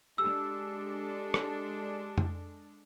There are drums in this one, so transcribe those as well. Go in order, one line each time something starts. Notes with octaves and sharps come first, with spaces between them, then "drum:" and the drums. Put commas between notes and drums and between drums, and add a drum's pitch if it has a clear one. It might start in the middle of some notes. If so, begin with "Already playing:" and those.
G#3 D4 G4 A4 E6
drum: rim click
drum: tom F2